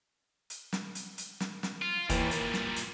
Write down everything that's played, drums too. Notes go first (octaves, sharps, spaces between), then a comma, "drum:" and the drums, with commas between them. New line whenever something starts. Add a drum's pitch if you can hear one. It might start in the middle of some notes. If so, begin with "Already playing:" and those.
drum: hi-hat
drum: snare
drum: hi-hat
drum: hi-hat
drum: snare
drum: snare
F4
D#2 A#2 E3 G3, drum: kick F#1, hi-hat
A#3, drum: hi-hat
drum: snare
drum: hi-hat